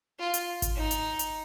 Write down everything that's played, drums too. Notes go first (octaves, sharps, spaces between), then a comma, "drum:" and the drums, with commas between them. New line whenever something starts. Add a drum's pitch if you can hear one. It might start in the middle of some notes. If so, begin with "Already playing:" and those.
F4
drum: hi-hat
drum: kick G#1, hi-hat
D#4
drum: hi-hat
drum: hi-hat